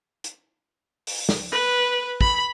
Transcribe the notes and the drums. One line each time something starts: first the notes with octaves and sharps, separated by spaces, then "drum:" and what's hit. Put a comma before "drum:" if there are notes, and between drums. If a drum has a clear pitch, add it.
drum: hi-hat
drum: open hi-hat
drum: snare
B4
B5, drum: kick